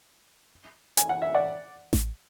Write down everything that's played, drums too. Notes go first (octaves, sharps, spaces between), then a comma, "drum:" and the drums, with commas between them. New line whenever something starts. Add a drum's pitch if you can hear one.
G#5, drum: hi-hat
F#5
E5
D5 F#5
drum: snare A1